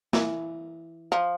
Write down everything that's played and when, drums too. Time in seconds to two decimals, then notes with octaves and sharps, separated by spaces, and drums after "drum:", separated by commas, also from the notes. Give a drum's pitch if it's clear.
0.13 E3, drum: snare
1.12 F3